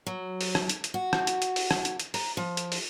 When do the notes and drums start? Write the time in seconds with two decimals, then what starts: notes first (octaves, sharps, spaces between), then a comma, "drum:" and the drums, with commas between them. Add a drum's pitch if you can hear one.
0.07 F#3
0.41 drum: open hi-hat
0.55 drum: rim click
0.69 drum: hi-hat
0.84 drum: hi-hat
0.94 F#4
1.13 drum: rim click
1.27 drum: hi-hat
1.42 drum: hi-hat
1.56 drum: open hi-hat
1.71 drum: rim click
1.85 drum: hi-hat
1.99 drum: hi-hat
2.14 A#5, drum: open hi-hat
2.37 F3
2.57 drum: hi-hat
2.72 drum: open hi-hat